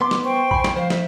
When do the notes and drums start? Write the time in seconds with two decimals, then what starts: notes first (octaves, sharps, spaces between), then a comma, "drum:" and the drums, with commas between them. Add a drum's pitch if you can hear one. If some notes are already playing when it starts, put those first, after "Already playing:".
0.01 B3 C6 D6
0.11 drum: snare
0.23 C5 G5 C#6
0.51 G#5 B5, drum: kick A#1
0.64 drum: snare
0.76 F3 C5 F5
0.90 E5, drum: snare